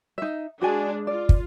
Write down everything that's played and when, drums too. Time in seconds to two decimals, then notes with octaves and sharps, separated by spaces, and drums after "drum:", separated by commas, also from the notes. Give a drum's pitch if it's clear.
0.18 D#4 E5
0.61 G#3 D4 F#4 G#4 D5 G#5
1.07 F4 D5
1.29 drum: kick